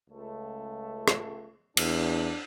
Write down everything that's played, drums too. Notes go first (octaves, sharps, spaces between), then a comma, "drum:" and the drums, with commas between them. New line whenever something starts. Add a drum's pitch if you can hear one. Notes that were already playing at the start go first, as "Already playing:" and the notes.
C#2 A3
drum: rim click
E2 D4, drum: cymbal